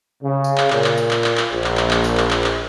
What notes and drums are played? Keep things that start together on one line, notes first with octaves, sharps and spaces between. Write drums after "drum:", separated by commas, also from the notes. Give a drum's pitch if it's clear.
C#3
drum: tambourine
drum: clap
A#2, drum: clap
drum: clap
drum: tambourine
drum: clap
drum: clap
drum: clap
A#1
drum: clap
drum: clap
drum: clap
drum: tambourine
drum: clap
drum: clap
drum: clap